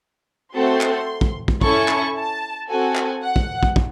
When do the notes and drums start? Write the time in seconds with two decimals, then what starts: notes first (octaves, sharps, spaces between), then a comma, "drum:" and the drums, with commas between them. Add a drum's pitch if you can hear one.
0.54 A3 C4 F#4 A4 C6
0.81 drum: clap
1.21 drum: kick
1.48 drum: kick
1.61 C#4 E4 A4 C#6, drum: kick
1.88 drum: clap
2.15 A5
2.68 C4 F#4 A4 G#5
2.96 drum: clap
3.22 F#5
3.36 drum: kick
3.63 drum: kick
3.76 drum: kick